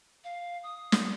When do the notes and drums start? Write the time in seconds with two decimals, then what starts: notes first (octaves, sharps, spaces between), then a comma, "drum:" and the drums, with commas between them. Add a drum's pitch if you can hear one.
0.24 F5
0.63 D#6
0.92 drum: snare